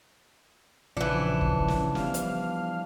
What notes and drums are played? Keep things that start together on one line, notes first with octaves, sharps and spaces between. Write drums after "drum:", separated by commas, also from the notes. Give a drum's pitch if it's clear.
A#1 C#3 E3 F3 D4 C#7
drum: kick
drum: snare
F3 G3 B3 F5, drum: snare
drum: hi-hat